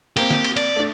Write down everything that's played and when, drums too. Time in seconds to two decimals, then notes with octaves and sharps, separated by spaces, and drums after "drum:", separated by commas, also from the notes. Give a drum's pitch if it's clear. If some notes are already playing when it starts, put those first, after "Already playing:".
0.17 A#3 C4 G4, drum: cymbal
0.31 drum: snare
0.44 drum: cymbal
0.57 D5, drum: cymbal
0.76 A3 D4